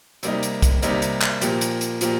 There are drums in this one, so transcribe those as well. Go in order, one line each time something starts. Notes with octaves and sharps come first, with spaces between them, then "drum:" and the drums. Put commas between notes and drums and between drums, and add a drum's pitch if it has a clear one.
C3 G3 A#3 D#4, drum: hi-hat
drum: hi-hat
drum: kick, hi-hat
C3 G3 A#3 D#4, drum: hi-hat
drum: hi-hat
drum: clap
A#2 F3 A#3 G4, drum: hi-hat
drum: hi-hat
drum: hi-hat
A#2 F3 A#3 G4, drum: hi-hat